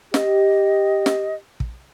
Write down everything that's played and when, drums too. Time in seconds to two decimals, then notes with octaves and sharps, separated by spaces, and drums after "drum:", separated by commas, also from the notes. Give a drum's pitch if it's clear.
0.14 G4 D#5, drum: snare
1.06 drum: snare
1.60 drum: kick